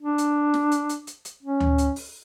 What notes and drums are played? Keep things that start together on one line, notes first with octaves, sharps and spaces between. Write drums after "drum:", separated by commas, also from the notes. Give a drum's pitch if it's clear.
D4
drum: hi-hat
drum: snare
drum: hi-hat
drum: hi-hat
drum: hi-hat
drum: hi-hat
C#4
drum: tom D2
drum: hi-hat
drum: open hi-hat